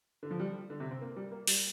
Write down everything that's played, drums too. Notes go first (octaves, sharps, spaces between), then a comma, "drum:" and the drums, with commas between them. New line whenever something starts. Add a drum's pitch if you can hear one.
D3
F3
G3
D3
C3
C4
A#3
G3
A#3
G3, drum: open hi-hat